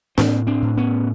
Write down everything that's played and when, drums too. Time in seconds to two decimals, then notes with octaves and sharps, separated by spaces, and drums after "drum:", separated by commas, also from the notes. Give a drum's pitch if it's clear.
0.18 A2 A#3 C4, drum: snare D4
0.47 C4 D4
0.62 A2
0.77 B3 C#4